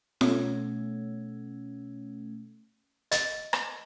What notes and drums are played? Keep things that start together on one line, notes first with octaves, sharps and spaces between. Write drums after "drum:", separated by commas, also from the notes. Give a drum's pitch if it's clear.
B2 A3 C#4, drum: snare
D#5, drum: hi-hat
drum: rim click